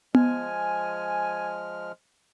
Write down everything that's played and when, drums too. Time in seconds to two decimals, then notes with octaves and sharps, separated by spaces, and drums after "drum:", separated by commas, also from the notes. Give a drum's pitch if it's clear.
0.15 F3 G#3 G#5 F6, drum: tom B3